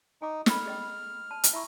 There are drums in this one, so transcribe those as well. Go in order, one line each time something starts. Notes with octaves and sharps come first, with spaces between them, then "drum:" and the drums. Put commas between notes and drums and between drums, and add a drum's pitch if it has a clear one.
D#4 G#5 D6
A4 B5 F6, drum: snare
G#4 D#5 G5
A5
drum: hi-hat
E4 E5 A#5 C#6